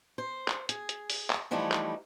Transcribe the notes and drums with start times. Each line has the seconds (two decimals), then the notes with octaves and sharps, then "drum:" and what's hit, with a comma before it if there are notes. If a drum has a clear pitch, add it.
0.18 C5
0.48 drum: clap
0.69 G#4, drum: hi-hat
0.89 drum: hi-hat
1.10 drum: open hi-hat
1.30 drum: clap
1.51 E3 F3 G3 A3 D#4 E4
1.71 drum: clap